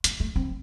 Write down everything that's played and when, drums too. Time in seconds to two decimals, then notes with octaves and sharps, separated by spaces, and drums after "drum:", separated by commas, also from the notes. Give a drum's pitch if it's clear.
0.04 A3, drum: hi-hat
0.20 A3
0.36 C4